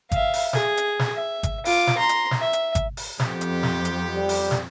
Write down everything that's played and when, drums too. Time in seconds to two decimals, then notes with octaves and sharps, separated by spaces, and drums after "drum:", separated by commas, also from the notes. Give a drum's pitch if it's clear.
0.12 E5 F5, drum: kick G#1, hi-hat
0.33 drum: open hi-hat
0.53 G#4, drum: snare
0.77 drum: hi-hat
0.99 drum: snare
1.14 E5
1.43 drum: kick G#1, hi-hat
1.65 F4 D6, drum: open hi-hat
1.87 drum: snare
1.98 A#5 C6
2.09 drum: hi-hat
2.31 drum: snare
2.41 E5
2.53 drum: hi-hat
2.75 drum: kick G#1, hi-hat
2.97 drum: open hi-hat
3.19 F2 B3 C4 G4, drum: snare
3.41 drum: hi-hat
3.63 drum: snare
3.85 drum: hi-hat
4.15 G3
4.29 drum: open hi-hat
4.51 drum: snare